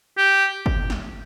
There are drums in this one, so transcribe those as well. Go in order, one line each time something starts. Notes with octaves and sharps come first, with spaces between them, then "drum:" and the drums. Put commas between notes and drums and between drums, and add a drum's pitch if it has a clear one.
G4
drum: kick G1
drum: snare